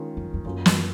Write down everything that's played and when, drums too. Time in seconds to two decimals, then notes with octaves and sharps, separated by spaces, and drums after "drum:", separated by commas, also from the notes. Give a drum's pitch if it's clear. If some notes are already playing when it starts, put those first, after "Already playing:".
Already playing: D#3 G#3 C#4 F4
0.17 F2
0.34 F2
0.45 F#2 F#3 A#3 C#4 F4
0.66 drum: snare